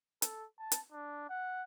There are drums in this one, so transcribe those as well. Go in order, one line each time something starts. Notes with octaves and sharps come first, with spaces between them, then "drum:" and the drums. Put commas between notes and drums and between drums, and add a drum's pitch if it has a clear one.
A4, drum: hi-hat
A5
drum: hi-hat
D4
F#5